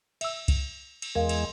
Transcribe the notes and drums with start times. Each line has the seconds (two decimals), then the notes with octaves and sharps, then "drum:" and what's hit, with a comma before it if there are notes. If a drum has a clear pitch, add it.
0.21 E5 E6, drum: cymbal
0.48 drum: kick C2, cymbal
1.02 drum: cymbal
1.15 E2 G#3 A#4 F5
1.29 drum: cymbal